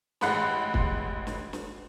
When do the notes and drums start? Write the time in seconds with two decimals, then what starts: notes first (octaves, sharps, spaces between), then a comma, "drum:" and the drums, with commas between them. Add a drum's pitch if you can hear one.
0.21 A1 G#3 F#5 B5 C6, drum: snare
0.74 drum: kick
1.27 drum: snare
1.53 drum: snare